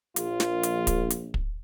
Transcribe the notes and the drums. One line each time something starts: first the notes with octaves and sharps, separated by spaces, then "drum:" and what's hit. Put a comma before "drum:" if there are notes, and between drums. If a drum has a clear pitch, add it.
A#1 F4, drum: hi-hat
drum: snare
drum: hi-hat
drum: kick, hi-hat
drum: hi-hat
drum: kick